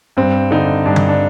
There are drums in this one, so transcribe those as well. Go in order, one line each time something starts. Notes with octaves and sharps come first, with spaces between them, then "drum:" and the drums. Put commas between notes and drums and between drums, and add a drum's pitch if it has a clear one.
G2 C4
D3 D#4
G2 D4
drum: tom D3
D4